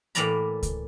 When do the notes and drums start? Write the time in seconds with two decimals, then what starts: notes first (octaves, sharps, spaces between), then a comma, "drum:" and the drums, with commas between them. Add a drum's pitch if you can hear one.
0.15 A2 E3 A#3 D5 A#5 B5, drum: hi-hat
0.63 drum: kick C#2, hi-hat